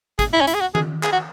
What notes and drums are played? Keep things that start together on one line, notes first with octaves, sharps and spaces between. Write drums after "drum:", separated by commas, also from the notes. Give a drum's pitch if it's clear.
G#4, drum: kick, hi-hat
E4
C#4
E4, drum: hi-hat
G#4
F#4
G#4, drum: tom D#3
G#4, drum: clap
F#4